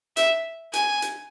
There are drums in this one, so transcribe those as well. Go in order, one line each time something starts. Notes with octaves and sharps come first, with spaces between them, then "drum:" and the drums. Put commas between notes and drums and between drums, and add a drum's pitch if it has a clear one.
E5, drum: hi-hat
G#5, drum: hi-hat
drum: hi-hat